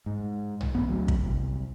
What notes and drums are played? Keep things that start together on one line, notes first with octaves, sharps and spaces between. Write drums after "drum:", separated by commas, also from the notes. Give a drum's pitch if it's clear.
G#2
drum: tom B1
A1 B3
D2 F#3
drum: kick
C2